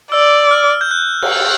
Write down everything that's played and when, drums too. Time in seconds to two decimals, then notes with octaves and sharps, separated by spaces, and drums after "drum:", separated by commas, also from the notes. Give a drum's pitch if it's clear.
0.11 D5 E6
0.51 F6
0.81 G6
0.91 F#6
1.22 drum: cymbal